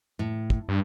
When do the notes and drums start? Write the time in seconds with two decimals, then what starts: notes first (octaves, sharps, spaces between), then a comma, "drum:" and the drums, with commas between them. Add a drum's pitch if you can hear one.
0.19 A2
0.50 drum: kick
0.69 G2